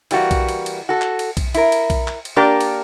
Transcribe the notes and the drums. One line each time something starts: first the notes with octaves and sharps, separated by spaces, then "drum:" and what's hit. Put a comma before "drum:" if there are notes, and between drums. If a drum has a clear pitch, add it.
E3 G3 A#3 F#4, drum: cymbal
drum: kick B1, cymbal
drum: cymbal
drum: cymbal
F#4 A4
drum: clap
drum: cymbal
drum: kick B1, cymbal
E4 A#4, drum: cymbal
drum: cymbal
drum: kick B1, cymbal
drum: clap
drum: cymbal
A#3 D4 G4 A#4 D5
drum: cymbal